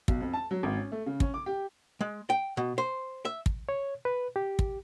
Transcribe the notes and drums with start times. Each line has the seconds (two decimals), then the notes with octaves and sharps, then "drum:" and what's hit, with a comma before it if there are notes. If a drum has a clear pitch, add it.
0.08 B1, drum: kick
0.21 F2
0.33 A5
0.51 F#3
0.63 G#1
0.76 C#4
0.92 A3
1.06 C#3
1.20 C#4, drum: kick
1.34 D6
1.46 G4
2.01 G#3
2.30 G5
2.57 B2
2.78 C5
3.25 E5
3.46 drum: kick
3.69 C#5
4.05 B4
4.36 G4
4.59 drum: kick